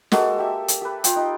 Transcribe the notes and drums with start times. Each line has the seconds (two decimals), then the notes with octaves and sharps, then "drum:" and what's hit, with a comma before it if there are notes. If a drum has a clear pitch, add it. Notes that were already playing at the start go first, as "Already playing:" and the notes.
0.12 G#3 A#3 F#4 A4, drum: snare
0.38 G4 E5
0.68 drum: hi-hat
0.82 G4 B4
1.04 F4 G5, drum: hi-hat
1.16 D#4